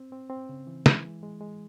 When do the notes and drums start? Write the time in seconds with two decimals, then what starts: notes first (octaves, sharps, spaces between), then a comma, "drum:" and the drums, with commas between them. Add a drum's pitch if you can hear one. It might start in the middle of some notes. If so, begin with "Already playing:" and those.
Already playing: C4
0.12 C4
0.30 C4
0.49 C#3
0.67 E3
0.86 E3, drum: snare
1.04 G#3
1.23 G#3
1.41 G#3